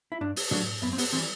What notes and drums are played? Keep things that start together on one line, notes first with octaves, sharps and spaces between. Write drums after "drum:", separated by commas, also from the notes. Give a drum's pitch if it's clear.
E4
G2 D4
drum: open hi-hat
F#3 A3 D4, drum: tom
F#2 B3
C4
B3, drum: open hi-hat
E3 G3 C4